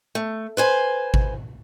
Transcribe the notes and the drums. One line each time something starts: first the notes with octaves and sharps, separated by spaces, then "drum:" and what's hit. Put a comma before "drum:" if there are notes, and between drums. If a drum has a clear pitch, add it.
A3
B4 C5 G#5
drum: kick G#1